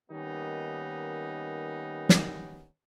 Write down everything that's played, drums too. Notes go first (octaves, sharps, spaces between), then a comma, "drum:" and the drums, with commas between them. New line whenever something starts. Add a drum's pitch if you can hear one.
D#3 G3 A#3 B3 C#4 D#4
drum: snare